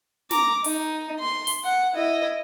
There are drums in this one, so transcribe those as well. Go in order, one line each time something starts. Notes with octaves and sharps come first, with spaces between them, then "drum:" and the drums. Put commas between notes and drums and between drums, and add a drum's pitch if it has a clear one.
A#5 D6, drum: snare
D#4, drum: open hi-hat
C6
drum: open hi-hat
F#5
E4 D#5